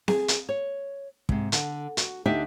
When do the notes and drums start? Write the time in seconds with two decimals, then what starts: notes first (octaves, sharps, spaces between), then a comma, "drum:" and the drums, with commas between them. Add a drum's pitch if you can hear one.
0.08 G#4, drum: snare C4
0.28 drum: hi-hat
0.49 C#5
1.29 G#2 C3, drum: kick
1.52 D3, drum: hi-hat
1.97 F#4, drum: hi-hat
2.26 D2 D4 D#4 G4 E5